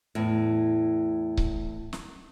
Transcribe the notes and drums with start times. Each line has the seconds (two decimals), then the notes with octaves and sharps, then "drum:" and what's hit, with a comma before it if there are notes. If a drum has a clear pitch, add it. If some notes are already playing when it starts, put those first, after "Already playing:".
0.15 E2 A2
1.37 drum: kick C#1
1.93 drum: snare